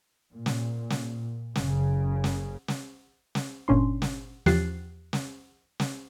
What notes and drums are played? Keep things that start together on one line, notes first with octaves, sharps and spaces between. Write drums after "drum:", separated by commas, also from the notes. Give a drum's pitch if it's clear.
A#2
drum: snare
drum: snare
F#1 C#3, drum: snare
drum: snare
drum: snare
drum: snare
G1 A#2 C#4 D4 C6
drum: snare
E2 F3 G4 F#6 A6 C7, drum: snare
drum: snare
drum: snare